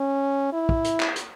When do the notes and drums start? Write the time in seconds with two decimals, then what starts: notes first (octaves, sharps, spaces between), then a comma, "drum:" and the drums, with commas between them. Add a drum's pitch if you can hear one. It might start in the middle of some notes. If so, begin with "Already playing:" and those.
Already playing: C#4
0.53 E4
0.69 drum: kick
0.85 drum: hi-hat
1.00 drum: clap
1.16 drum: hi-hat